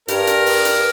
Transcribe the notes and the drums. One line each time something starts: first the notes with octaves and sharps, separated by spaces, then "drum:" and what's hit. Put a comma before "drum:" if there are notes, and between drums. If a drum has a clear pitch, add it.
G2 A#4, drum: hi-hat
drum: hi-hat
drum: open hi-hat
drum: hi-hat